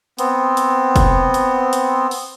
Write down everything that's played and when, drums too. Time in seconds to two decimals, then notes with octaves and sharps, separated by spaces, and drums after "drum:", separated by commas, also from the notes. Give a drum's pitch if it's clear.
0.19 B3 C4, drum: hi-hat
0.57 drum: hi-hat
0.96 drum: kick, hi-hat
1.34 drum: hi-hat
1.73 drum: hi-hat
2.11 drum: open hi-hat